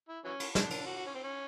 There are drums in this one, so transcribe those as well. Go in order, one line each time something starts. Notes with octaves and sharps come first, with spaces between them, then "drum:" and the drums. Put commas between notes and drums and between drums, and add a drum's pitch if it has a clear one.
E4
E3 F#3 C#4
drum: cymbal
D4, drum: snare
D4, drum: cymbal
F#4
F#4
C#4
C4
C#4